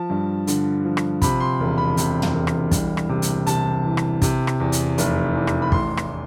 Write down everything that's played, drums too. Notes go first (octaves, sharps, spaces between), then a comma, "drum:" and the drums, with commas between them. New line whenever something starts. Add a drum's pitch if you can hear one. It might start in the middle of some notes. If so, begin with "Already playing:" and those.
Already playing: F3 A5
G2
D3, drum: hi-hat
F3
drum: rim click
C3 B5, drum: kick, hi-hat
C6
E1
B5
C3, drum: hi-hat
drum: tom
E1
drum: rim click
C2, drum: kick, hi-hat
drum: rim click
C3
drum: hi-hat
C3 A5, drum: hi-hat
E3
drum: rim click
C3, drum: kick, hi-hat
drum: rim click
E2
drum: hi-hat
F1, drum: hi-hat
E2
drum: rim click
B5
A1 C6, drum: kick
drum: rim click